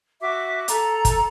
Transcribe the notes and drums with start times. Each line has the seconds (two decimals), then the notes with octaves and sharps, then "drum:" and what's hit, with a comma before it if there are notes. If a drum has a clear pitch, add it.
0.21 F#4 E5 D6
0.68 A4 A#5, drum: hi-hat
1.05 drum: kick, hi-hat